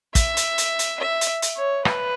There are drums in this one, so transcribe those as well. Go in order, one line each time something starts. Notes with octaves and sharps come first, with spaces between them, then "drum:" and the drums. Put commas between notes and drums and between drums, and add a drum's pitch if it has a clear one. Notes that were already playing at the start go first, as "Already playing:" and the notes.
E5, drum: kick, hi-hat
drum: hi-hat
drum: hi-hat
drum: hi-hat
E5
drum: hi-hat
drum: hi-hat
C#5
B4, drum: rim click